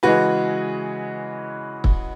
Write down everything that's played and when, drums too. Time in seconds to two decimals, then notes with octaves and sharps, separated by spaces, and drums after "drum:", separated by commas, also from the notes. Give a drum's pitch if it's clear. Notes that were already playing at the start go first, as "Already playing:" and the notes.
0.03 C#3 E3 G#3 F#4 B4
1.84 drum: kick